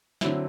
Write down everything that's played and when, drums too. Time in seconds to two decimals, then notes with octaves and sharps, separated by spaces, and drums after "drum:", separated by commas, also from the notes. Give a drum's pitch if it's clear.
0.21 D3 F#3 C4 E4, drum: snare